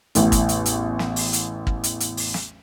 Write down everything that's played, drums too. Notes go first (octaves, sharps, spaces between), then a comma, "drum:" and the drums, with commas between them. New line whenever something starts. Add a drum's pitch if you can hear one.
A1 E2 A2, drum: hi-hat
drum: kick, hi-hat
drum: hi-hat
drum: hi-hat
drum: snare
drum: open hi-hat
drum: hi-hat
drum: kick
drum: hi-hat
drum: hi-hat
drum: open hi-hat
drum: snare